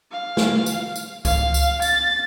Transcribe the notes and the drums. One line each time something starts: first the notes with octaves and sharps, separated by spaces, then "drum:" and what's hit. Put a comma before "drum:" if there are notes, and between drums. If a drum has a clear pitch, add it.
F5
drum: snare
drum: tambourine
drum: tambourine
F5, drum: kick C#2, tambourine
drum: tambourine
A6, drum: tambourine